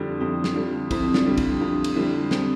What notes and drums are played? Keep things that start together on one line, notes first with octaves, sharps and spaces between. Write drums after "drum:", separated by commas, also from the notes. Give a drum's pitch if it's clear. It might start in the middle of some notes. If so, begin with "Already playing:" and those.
Already playing: F2 D3 G3 E4 F4 G4 A4
F2 E4 G4
drum: snare
D3 G3 D4 F4
F2 C4 E4, drum: kick, cymbal
D4 F4, drum: snare
D3 G3
E4 G4, drum: kick, cymbal
F2 D4 F4
drum: cymbal
D3 G3 C4 E4
C4, drum: snare